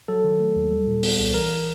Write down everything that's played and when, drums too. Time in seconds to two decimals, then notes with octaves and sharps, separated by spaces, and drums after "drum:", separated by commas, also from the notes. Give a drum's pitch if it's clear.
0.08 F#3 A4
0.24 D#3
0.40 A3
0.56 D#2
0.71 G3
0.87 A#2
1.03 B3, drum: open hi-hat
1.18 C2
1.34 E3 A#4